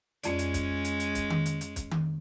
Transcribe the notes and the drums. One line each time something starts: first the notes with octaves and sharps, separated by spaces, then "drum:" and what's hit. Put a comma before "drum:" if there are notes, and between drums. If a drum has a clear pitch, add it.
F2 G#3 C#4 D5, drum: hi-hat
drum: hi-hat
drum: kick, hi-hat
drum: hi-hat
drum: hi-hat
drum: kick, hi-hat
drum: tom D#3
drum: hi-hat
drum: hi-hat
drum: kick, hi-hat
drum: tom D#3